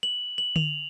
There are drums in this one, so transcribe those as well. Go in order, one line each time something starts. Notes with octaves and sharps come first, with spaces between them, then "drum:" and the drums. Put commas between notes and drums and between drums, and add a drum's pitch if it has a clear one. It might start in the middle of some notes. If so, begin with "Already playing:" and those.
F#7
F#7
F7, drum: tom D3